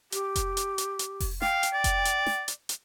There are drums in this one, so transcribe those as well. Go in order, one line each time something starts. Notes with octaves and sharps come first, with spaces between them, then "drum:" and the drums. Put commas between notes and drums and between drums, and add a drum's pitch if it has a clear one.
G4, drum: hi-hat
drum: kick F1, hi-hat
drum: hi-hat
drum: hi-hat
drum: hi-hat
drum: kick F1, open hi-hat
F5 G5, drum: snare
drum: hi-hat
D5
drum: kick F1, hi-hat
drum: hi-hat
drum: snare
drum: hi-hat
drum: hi-hat